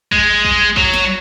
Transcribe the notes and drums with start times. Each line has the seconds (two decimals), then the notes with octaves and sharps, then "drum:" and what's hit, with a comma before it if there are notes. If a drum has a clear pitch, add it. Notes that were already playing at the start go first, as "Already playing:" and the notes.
0.12 G#3, drum: kick
0.45 drum: kick
0.77 F#3, drum: kick
0.94 drum: snare